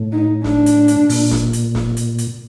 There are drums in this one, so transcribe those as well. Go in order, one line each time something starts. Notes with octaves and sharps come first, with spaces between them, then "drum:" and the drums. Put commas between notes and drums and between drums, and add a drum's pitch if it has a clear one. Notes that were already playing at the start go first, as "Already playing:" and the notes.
Already playing: A2
D#4
D4, drum: snare
drum: hi-hat
drum: hi-hat
A#2, drum: open hi-hat
drum: snare
drum: hi-hat
drum: snare
drum: hi-hat
drum: hi-hat